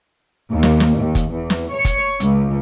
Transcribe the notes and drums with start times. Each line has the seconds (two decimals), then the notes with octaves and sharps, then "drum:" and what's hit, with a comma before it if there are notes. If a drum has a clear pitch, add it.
0.51 D#2
0.63 drum: snare
0.80 drum: snare
0.98 D#2
1.15 drum: kick F#1, hi-hat
1.32 E2
1.50 drum: snare
1.73 C#5
1.85 drum: kick F#1, hi-hat
2.20 C#2, drum: hi-hat